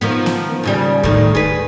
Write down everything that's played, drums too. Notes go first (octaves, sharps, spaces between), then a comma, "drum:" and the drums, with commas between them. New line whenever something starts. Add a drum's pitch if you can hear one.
D#3 F3 B3
drum: snare B3
D#2 C#3 G3
A2 D#3, drum: kick D#2
G#4 B4